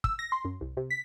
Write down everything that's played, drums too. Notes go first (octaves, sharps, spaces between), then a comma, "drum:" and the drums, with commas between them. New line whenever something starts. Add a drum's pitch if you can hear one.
E6, drum: kick
A#6
C6
F#2
C2
C3
B6